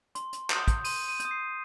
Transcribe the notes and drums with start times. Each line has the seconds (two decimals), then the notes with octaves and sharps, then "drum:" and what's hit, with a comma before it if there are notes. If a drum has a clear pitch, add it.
0.15 C6, drum: hi-hat
0.33 drum: hi-hat
0.50 D#6 G6, drum: clap
0.68 drum: kick, hi-hat
0.84 C6 D#7, drum: open hi-hat
1.09 D#7
1.20 G6, drum: hi-hat
1.25 D#6
1.31 C7